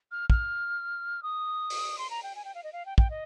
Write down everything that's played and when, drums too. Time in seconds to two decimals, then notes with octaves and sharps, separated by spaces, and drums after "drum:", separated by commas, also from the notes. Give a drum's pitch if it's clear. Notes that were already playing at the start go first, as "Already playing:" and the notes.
0.11 F6
0.30 F6, drum: kick
1.23 D#6
1.70 drum: open hi-hat
1.98 C6
2.10 A#5
2.23 G5
2.36 G#5
2.45 G5
2.55 F5
2.64 D#5
2.73 F5
2.86 G5
2.98 G5, drum: kick
3.10 D#5